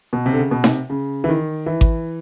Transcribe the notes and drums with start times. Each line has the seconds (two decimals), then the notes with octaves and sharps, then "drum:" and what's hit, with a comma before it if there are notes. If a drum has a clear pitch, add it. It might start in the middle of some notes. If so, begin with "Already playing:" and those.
0.13 B2
0.26 C3
0.33 D3
0.38 C#3
0.51 B2
0.64 C3, drum: snare D#4
0.90 C#3
1.24 E3
1.29 D#3
1.66 E3
1.81 drum: kick G#1